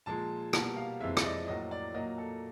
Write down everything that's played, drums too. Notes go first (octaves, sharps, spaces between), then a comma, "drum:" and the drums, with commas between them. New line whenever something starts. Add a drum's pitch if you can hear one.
A#2 F3 G#3 A5
B2 G3 A#3 A5, drum: rim click
F5
F2 C3 E3 G#3 E5
D5, drum: rim click
D#5
A2 F#3 A#3 D#5
D5
A#2 F#3 A#3 D#5
A4